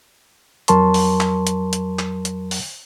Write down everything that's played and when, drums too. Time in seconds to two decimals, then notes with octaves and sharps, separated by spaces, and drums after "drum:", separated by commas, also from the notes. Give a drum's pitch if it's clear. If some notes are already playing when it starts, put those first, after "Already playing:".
0.68 F2 F#3 A#4 A5 C6 C#6, drum: hi-hat
0.94 drum: open hi-hat
1.20 drum: clap
1.47 drum: hi-hat
1.73 drum: hi-hat
1.99 drum: clap
2.25 drum: hi-hat
2.51 drum: open hi-hat